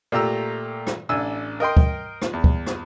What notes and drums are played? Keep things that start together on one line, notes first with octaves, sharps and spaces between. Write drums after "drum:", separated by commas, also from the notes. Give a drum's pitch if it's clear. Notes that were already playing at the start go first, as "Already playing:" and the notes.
A#2 A3 G4 A#5 E6
drum: rim click
A1 D4 G#5 E6
A#4 D#5 G5 C6
drum: kick D2
drum: rim click
E2
drum: kick D2
drum: rim click